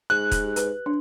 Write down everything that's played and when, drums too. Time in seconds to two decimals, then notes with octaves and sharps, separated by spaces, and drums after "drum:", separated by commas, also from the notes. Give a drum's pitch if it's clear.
0.10 G#2 F#6
0.31 drum: kick E1, hi-hat
0.44 G4
0.56 B4, drum: hi-hat
0.86 D4